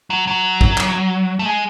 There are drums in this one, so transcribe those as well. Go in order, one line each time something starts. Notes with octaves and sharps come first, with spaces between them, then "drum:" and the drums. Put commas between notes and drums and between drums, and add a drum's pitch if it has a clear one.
F#3
F#3
drum: kick G#1
drum: clap
A3
G#3